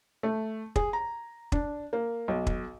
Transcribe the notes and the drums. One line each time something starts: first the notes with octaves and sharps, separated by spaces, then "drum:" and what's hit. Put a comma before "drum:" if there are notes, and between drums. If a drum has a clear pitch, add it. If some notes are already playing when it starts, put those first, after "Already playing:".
A3
G#4, drum: kick
A#5
D4, drum: kick
A#3
B1
drum: kick